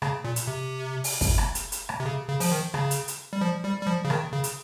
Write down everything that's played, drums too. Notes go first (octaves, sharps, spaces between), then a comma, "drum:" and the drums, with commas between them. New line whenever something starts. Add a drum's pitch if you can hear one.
C#3, drum: rim click
A#2
drum: hi-hat
C3
drum: open hi-hat
drum: kick, open hi-hat
drum: rim click
drum: hi-hat
drum: hi-hat
drum: rim click
C3
C#3
C#3
F3, drum: open hi-hat
D#3
C#3, drum: rim click
drum: hi-hat
drum: hi-hat
G3
F3
G3
G3
F3
C#3
D#3, drum: rim click
C#3
drum: hi-hat